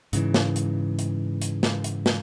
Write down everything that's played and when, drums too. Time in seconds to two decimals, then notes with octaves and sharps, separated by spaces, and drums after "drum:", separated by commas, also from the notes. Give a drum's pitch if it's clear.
0.13 G#2 C#3 E3, drum: hi-hat
0.34 drum: snare
0.56 drum: hi-hat
0.99 drum: hi-hat
1.42 drum: hi-hat
1.63 drum: snare
1.84 drum: hi-hat
2.06 drum: snare